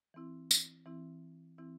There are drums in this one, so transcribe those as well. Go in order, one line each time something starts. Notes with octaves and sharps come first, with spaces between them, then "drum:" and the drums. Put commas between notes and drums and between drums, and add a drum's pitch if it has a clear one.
E3 C4 E4
drum: tambourine
E3 C4 E4
E3 C4 E4